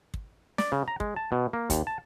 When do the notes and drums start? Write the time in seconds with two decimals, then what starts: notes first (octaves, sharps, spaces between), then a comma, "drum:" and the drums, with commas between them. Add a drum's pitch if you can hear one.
0.14 drum: kick
0.58 D5, drum: snare
0.72 C#3
0.88 A#5
1.00 G#3, drum: kick
1.16 A5
1.32 B2
1.53 A#3
1.70 D#2, drum: kick, hi-hat
1.87 A5